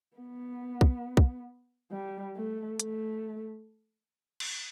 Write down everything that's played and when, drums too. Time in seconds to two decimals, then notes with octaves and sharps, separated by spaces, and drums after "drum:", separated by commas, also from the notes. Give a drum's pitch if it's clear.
0.17 B3
0.81 drum: kick
1.17 drum: kick
1.92 G3
2.36 A3
2.80 A3, drum: hi-hat
4.40 drum: cymbal